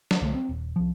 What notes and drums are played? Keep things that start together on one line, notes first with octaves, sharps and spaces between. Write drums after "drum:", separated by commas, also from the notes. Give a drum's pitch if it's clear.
drum: snare
C2 D3 G#3 A3
C4
D#1
C2 F3